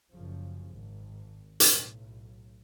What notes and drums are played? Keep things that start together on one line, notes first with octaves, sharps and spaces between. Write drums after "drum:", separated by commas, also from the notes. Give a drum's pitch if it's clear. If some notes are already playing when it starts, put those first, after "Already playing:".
F#1 F#2 C#3 F3
G#1
B1 A2, drum: hi-hat